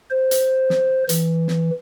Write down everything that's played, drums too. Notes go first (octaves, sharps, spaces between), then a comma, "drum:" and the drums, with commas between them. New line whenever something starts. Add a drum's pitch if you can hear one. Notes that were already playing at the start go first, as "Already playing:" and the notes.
C5
drum: hi-hat
drum: snare
E3, drum: hi-hat
drum: snare